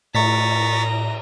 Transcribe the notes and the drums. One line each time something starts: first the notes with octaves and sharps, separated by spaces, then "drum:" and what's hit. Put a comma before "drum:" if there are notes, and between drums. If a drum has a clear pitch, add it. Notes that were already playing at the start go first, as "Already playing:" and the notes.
A2 A#5 C#6 A6 B6, drum: cymbal